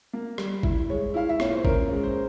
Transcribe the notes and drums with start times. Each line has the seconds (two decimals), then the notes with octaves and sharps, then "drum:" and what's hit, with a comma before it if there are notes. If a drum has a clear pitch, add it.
0.13 A#3
0.38 G3, drum: rim click
0.63 E4, drum: kick G#1
0.89 G#3 C#5
1.14 E4 F5
1.29 E5
1.40 A#2 C#5, drum: rim click
1.52 C5
1.65 C#4 A#4, drum: kick G#1
1.90 G#3
2.03 C5